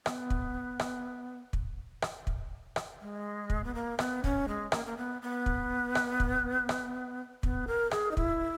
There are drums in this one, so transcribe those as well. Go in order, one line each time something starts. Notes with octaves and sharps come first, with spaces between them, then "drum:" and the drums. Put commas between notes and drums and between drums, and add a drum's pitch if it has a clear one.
B3, drum: rim click
drum: kick
drum: rim click
drum: kick
drum: rim click
drum: kick
drum: rim click
G#3
drum: kick
B3
A#3
B3, drum: rim click
C#4, drum: kick
G#3
A#3, drum: rim click
A#3
B3
B3
drum: kick
drum: rim click
drum: kick
drum: rim click
B3, drum: kick
A#4
G#4, drum: rim click
D#4
E4, drum: kick